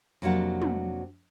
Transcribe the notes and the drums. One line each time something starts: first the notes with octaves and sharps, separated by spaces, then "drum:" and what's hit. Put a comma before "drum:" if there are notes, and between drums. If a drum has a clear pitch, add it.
F2 C3 F#3 A#3 D4 F#5
drum: tom